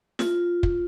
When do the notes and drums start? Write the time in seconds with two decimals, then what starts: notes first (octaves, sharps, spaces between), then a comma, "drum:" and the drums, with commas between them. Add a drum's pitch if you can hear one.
0.19 F4, drum: snare
0.63 drum: kick